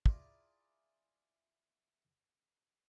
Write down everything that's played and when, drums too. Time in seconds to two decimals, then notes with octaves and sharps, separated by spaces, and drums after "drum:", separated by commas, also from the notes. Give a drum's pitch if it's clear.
0.06 E4 F4 G#4 D5 A#5, drum: kick